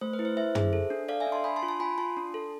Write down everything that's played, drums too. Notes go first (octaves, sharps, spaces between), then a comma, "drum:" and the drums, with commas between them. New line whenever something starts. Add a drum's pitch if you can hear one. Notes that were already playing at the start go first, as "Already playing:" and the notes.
A3 C5
B4
E4
C5
E4 C5 E5
G#4, drum: tom
A4
D4
A4 D5 F5
E5 G#5
D4
A5 C6
D4 G#5 B5
A5 C6
F4
A5 C6
F4 G#5 B5
F4 A5 C6
D4
A4